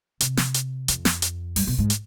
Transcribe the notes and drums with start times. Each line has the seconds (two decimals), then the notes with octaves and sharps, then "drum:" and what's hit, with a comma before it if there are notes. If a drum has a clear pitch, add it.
0.21 C3, drum: hi-hat
0.37 drum: snare
0.54 drum: hi-hat
0.88 F2, drum: hi-hat
1.05 drum: snare
1.22 drum: hi-hat
1.56 G2, drum: open hi-hat
1.67 B2
1.78 G#2
1.90 drum: hi-hat